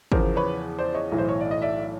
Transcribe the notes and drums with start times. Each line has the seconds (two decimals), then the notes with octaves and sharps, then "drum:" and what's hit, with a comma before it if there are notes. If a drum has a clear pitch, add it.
0.12 E2 C#3 F3 A#4 C5, drum: kick
0.36 B4 C#5
0.79 C5 D5
0.94 C#5 D#5
1.12 B1 A2 E3
1.18 C5
1.29 C#5
1.41 D5
1.51 D#5
1.62 D5 E5